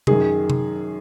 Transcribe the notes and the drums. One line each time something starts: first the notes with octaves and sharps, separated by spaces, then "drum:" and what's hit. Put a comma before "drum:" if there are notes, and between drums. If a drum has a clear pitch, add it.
F#2 D#3 G#4, drum: tom C3
drum: tom C3